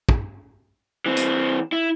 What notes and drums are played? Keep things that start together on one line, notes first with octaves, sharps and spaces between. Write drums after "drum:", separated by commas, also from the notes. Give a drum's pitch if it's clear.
drum: kick
E3 C4
drum: hi-hat
E4